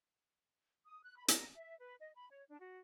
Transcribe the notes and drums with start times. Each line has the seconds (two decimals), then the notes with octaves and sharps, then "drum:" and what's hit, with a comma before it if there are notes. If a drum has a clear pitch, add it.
0.86 D#6
1.03 F#6
1.17 B5
1.28 A#4, drum: hi-hat
1.56 E5
1.79 B4
2.01 D#5
2.15 B5
2.30 C#5
2.49 D4
2.60 F#4